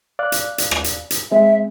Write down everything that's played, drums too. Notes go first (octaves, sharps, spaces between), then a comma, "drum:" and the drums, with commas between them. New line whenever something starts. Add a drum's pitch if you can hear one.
D5 F5 F#6
drum: hi-hat
drum: hi-hat
drum: rim click
drum: hi-hat
drum: hi-hat
G#3 C4 E5